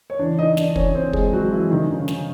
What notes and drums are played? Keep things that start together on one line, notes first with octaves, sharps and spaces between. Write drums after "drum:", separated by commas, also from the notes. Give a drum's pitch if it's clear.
C#5
E2 C#3 E3 D4 D5
D#4 D#5
D4 D5, drum: snare
C#4 C#5, drum: kick
C4 C5
G#3 G#4, drum: kick
F#3 F#4
E3 E4
F#2 D3 D#3 F3 D#4
C#3 C#4
C#3 C#4, drum: snare